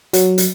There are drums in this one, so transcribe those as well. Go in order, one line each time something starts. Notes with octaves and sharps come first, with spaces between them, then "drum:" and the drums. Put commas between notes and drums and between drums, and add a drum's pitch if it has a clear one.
F#3, drum: hi-hat
drum: hi-hat